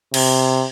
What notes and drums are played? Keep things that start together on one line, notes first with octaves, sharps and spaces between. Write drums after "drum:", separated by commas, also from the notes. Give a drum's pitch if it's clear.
C3, drum: cymbal